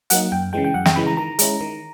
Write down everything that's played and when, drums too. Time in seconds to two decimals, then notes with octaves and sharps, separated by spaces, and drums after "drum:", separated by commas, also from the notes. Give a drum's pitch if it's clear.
0.10 F#3 A#3 D#4 F#5, drum: hi-hat
0.32 F#2 G5
0.53 C#3 E3 G#3 G5
0.64 G5
0.74 F#2 F#5
0.86 G5, drum: snare
0.96 C#3 E3 G#3 B5
1.07 A#5
1.17 D#3 A#5
1.39 G#3 C#4 E4, drum: hi-hat
1.61 D#3